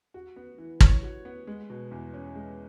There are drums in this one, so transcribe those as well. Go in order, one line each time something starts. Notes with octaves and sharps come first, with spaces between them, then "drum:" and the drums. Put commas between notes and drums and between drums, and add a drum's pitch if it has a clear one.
F#4
B3
E3
C#5, drum: kick
F#4
B3
G#3
B2
E2
C#4
G#3